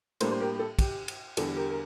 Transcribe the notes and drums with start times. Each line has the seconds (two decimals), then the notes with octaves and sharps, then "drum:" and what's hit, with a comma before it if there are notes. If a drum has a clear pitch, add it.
0.20 A2 G3 A#3 D4 A4 C5, drum: cymbal
0.32 C5
0.40 G4 A#4
0.55 G4
0.59 A4
0.79 G4, drum: kick, cymbal
1.08 drum: cymbal
1.37 E2 D3 G3 A4, drum: cymbal
1.56 G4 A#4
1.70 A#4